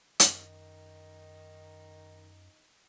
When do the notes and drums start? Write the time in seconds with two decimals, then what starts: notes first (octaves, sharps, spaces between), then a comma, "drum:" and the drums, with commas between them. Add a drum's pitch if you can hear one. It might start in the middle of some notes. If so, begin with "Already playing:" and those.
0.20 F#2 D#3 D#4, drum: hi-hat